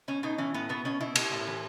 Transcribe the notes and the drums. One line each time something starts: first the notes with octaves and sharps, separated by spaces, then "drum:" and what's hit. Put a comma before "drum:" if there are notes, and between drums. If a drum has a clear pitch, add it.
B2 C#4
B2 D#4
E3 C#4
A2 B3
B2 B3
B2 C#4
B2 E4
B2, drum: cymbal
A2
E3